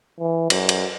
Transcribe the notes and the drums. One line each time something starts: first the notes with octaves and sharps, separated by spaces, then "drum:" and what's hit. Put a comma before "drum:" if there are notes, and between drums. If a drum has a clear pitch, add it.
E3
F#2, drum: cymbal
drum: cymbal